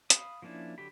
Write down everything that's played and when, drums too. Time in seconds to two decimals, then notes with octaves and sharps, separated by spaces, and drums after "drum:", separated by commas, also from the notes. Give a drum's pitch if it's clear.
0.10 F5 B5 D#6, drum: hi-hat
0.42 F3 A#3 C#4 D4 E4
0.78 D3 F#3 G4 B5